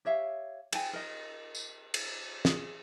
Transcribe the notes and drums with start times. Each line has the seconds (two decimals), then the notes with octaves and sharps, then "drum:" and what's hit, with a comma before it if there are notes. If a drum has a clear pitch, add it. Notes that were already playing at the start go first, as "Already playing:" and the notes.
0.05 G4 C#5 E5 F5
0.73 G5 G#5, drum: cymbal
0.93 A#4 D#5
1.55 drum: tambourine
1.94 drum: cymbal
2.45 G#4, drum: snare